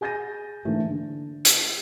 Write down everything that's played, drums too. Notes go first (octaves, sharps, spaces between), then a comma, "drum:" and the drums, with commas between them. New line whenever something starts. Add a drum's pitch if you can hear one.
G#4 G#5 G6 A6 A#6 D#7
G#2 D3 E3 A3 A#3
D3
drum: hi-hat